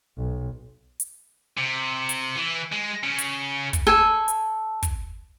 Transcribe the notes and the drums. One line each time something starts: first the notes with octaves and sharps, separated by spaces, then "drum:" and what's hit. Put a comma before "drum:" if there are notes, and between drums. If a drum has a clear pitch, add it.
B1
drum: hi-hat
C3
drum: hi-hat
E3
G#3
C#3
drum: hi-hat
drum: kick, hi-hat
A4 G#5
drum: hi-hat
drum: kick, hi-hat